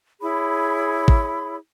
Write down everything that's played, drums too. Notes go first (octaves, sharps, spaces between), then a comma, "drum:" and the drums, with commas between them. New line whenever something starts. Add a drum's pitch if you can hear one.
E4 G#4 C#5 B5
drum: kick